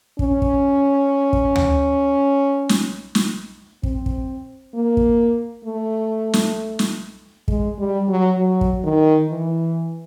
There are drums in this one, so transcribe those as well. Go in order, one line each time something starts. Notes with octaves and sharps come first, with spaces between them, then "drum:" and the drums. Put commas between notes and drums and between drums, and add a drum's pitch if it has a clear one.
C#4, drum: kick
drum: kick
drum: kick
drum: tom D2
drum: snare
drum: snare
C4, drum: kick
drum: kick
A#3
drum: kick
A3
drum: snare
drum: snare
G#3, drum: kick
G3
F#3
F#3
drum: kick
D#3
E3